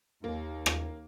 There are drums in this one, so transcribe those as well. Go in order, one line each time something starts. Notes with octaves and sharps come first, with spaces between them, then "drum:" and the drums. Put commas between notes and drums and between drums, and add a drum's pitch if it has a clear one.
D#2 A#3
drum: rim click